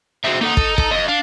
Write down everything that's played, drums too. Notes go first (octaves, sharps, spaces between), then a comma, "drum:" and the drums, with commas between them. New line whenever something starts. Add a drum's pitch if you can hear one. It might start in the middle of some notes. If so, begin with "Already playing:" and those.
C4 D#4 F#4 G#4 E5
A#3 D#4 A4 F#5
A4, drum: kick
A4 A5, drum: kick
F2 D#5
D4 F5